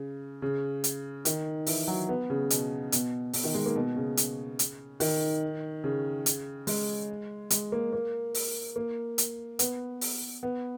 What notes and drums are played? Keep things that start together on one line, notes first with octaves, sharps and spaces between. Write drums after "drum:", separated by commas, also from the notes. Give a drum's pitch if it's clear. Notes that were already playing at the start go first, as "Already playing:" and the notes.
Already playing: C#3
C#3
drum: hi-hat
D#3, drum: hi-hat
E3, drum: open hi-hat
F#3
B3
C#3
B2, drum: hi-hat
B2, drum: hi-hat
B2, drum: open hi-hat
D#3
G#3
A#3
B2
C#3
drum: hi-hat
drum: hi-hat
D#3, drum: open hi-hat
C#3
drum: hi-hat
G#3, drum: open hi-hat
G#3, drum: hi-hat
A#3
A#3
drum: open hi-hat
A#3
drum: hi-hat
B3, drum: hi-hat
drum: open hi-hat
B3